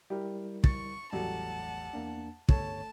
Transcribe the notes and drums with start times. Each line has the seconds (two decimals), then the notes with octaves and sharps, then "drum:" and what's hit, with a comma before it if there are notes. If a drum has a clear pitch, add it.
0.10 G3 E4 G4 A#4
0.64 C#6 A6, drum: kick
1.13 A1 E2 F#3 G3 A3 F#5 A5
1.93 E2 A#3 D4
2.49 G1 A3 C#5 A5, drum: kick